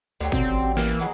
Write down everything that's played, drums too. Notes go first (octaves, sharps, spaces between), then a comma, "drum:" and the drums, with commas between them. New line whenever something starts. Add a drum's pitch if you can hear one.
D2 D3 F#3 G4
B2 C4, drum: kick G1
A1
E3 A#3, drum: snare
D#3 F#3 G#3